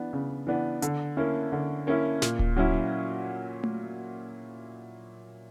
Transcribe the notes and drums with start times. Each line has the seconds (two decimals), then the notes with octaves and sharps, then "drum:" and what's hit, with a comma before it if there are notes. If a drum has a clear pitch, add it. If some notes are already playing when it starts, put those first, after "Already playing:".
Already playing: E3 B3 D4
0.13 C#3
0.47 E3 B3 D4
0.82 D3, drum: hi-hat
1.17 A#3 C#4 E4
1.52 D3
1.87 A#3 C#4 E4
2.22 A#2, drum: snare
2.39 drum: kick D1
2.56 F#3 C#4 E4
3.64 drum: tom A3